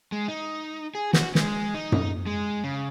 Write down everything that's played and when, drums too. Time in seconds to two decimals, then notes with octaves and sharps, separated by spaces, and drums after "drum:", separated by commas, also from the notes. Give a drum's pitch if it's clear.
0.12 G#3
0.28 D#4
0.95 G#4
1.13 F#4, drum: snare
1.35 G#3, drum: snare
1.74 D#4
1.92 drum: tom F#2
2.26 G#3
2.64 C#3